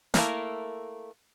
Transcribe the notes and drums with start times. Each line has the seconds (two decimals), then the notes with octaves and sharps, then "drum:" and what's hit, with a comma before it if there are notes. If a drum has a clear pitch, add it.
0.14 A3 A#3 E4 A#4, drum: snare